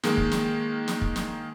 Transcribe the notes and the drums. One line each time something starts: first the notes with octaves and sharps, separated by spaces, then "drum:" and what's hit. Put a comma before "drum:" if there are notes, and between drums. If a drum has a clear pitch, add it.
D#3 G#3 A#3, drum: snare
drum: kick
drum: snare
drum: snare
drum: kick
drum: snare